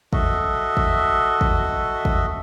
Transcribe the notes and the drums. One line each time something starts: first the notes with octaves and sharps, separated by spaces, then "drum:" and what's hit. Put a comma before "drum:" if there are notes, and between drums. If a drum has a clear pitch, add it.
F#4 A4 D#5 E5, drum: kick
drum: kick
drum: kick
drum: kick